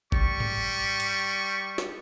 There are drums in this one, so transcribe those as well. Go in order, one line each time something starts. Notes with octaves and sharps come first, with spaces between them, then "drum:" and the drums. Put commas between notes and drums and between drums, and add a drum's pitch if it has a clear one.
G3 C#6, drum: kick G1
drum: tom G#2
drum: cymbal
drum: snare